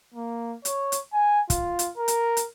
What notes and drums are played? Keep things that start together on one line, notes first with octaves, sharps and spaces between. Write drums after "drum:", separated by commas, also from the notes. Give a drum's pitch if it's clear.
A#3
C#5, drum: hi-hat
drum: hi-hat
G#5
F4, drum: kick, hi-hat
drum: hi-hat
A#4
drum: hi-hat
drum: hi-hat